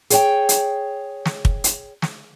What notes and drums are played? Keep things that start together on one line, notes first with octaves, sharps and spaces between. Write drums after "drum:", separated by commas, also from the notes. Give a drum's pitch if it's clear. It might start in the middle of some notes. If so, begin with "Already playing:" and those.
G#4 C#5 G5, drum: hi-hat
drum: hi-hat
drum: snare
drum: kick
drum: hi-hat
drum: snare